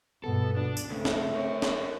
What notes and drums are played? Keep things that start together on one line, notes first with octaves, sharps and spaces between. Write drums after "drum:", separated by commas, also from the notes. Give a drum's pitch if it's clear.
C#2 G2 B2 B3 A4
B2 D4
drum: tambourine
C#2 C#3 A3 C4
drum: snare
A#4 C#5
drum: snare